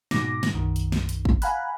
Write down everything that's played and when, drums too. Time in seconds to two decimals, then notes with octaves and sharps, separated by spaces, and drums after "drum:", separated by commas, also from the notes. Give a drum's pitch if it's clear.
0.11 G#2 B2 F#3 D#4 D6 A#6, drum: snare
0.43 drum: snare
0.54 B1 F#2 D#3
0.76 drum: hi-hat
0.92 drum: snare
1.09 drum: hi-hat
1.25 drum: kick
1.42 F5 F#5 G#5 A#5 B5 F#6, drum: hi-hat